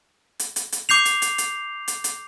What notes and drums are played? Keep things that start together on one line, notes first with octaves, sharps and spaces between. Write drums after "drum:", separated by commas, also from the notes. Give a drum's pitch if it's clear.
drum: hi-hat
drum: hi-hat
drum: hi-hat
D6 G6 C7 F7
drum: hi-hat
drum: hi-hat
drum: hi-hat
drum: hi-hat
drum: hi-hat